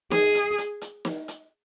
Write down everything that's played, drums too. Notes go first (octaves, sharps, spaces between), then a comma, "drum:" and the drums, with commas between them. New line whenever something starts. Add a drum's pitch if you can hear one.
G#4, drum: snare
drum: hi-hat
drum: hi-hat
drum: hi-hat
drum: snare
drum: hi-hat